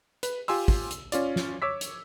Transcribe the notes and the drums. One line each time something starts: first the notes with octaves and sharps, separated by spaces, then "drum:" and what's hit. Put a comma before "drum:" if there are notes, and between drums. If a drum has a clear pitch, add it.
B4, drum: hi-hat
F4 G4 G#5 C6 E6, drum: open hi-hat
drum: kick, open hi-hat
drum: hi-hat
C#4 F4 D5, drum: hi-hat
drum: snare
C#5 D6 E6 B6
drum: hi-hat